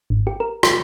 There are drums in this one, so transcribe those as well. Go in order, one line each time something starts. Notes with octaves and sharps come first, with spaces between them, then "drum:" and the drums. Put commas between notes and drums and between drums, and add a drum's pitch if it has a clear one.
G#1
G4
A#4
drum: rim click